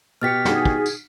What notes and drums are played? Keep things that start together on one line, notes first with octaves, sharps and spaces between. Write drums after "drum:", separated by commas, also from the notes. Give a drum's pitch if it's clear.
B2 G4 F6 A6 B6 C#7
D#4 F#4 G#4, drum: snare
drum: kick
drum: tambourine